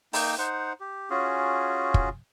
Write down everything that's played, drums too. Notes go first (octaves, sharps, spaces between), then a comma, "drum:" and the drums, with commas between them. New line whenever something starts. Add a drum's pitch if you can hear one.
A#3 D#4 G5, drum: open hi-hat
D#4 C5 F#5
G4
C#4 F4 F#4 G#4
drum: kick